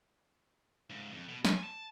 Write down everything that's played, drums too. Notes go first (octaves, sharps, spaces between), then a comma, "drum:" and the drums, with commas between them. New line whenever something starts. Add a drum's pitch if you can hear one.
G#2 C#3
F2
B2
G#5, drum: snare
A5